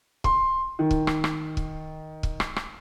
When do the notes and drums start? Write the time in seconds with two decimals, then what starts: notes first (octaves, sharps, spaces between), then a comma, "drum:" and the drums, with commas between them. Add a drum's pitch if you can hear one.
0.24 C6, drum: kick
0.79 D#3
0.91 drum: kick
1.07 drum: rim click
1.24 drum: rim click
1.57 drum: kick
2.23 drum: kick
2.40 drum: rim click
2.56 drum: rim click